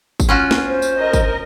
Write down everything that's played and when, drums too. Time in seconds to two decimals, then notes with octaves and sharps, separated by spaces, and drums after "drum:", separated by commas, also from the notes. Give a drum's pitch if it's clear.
0.20 drum: kick, tambourine
0.29 C#4 F4 F#4
0.51 drum: snare
0.66 C5
0.82 drum: tambourine
0.99 A#4 D#5
1.13 drum: kick, tambourine